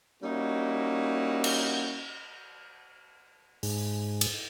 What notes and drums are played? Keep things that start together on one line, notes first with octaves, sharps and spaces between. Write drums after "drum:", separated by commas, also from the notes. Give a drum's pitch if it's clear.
G3 A#3 C#4 D#4 E4 F#4
drum: cymbal
G#2, drum: open hi-hat
drum: cymbal